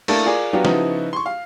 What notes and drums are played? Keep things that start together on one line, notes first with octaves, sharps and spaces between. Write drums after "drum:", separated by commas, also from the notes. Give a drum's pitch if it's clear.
A3 A#3 D4 E4 A4 A#4, drum: cymbal
F4 G#4 A#4 D5
F#3 B3 D4 F4 G4
C#3 F3 B3 D#4 E4 F#4, drum: snare
C6 C#6
F5